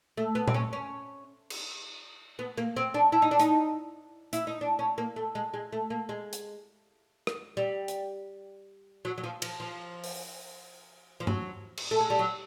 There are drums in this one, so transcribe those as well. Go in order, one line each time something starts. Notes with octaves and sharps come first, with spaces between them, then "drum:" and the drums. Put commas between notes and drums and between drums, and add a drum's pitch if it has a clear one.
A3
B3
C4, drum: tom A#2
C#4
C#4
drum: cymbal
B3
A#3
C4
D4
E4
D#4
D4
D#4, drum: hi-hat
E4, drum: hi-hat
D#4
D4
C#4
A#3
A3
G#3
G#3
A3
A#3
G#3
drum: hi-hat
drum: rim click
G3
drum: hi-hat
F#3
F#3
F3
F3, drum: cymbal
F3
drum: open hi-hat
F3
F#3, drum: tom G2
drum: cymbal
A3
G#3
G3
F#3